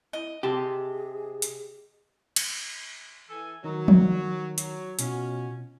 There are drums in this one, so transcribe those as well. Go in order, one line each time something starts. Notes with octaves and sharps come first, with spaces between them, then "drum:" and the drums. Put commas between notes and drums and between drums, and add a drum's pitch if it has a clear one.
E4 D#5
C3 G4 G#4 A5
drum: hi-hat
drum: cymbal
E3 A4 G#5
D#3 F#3 D#4 A#4
drum: tom F3
F#3, drum: hi-hat
B2 C#4 F4 F#4, drum: hi-hat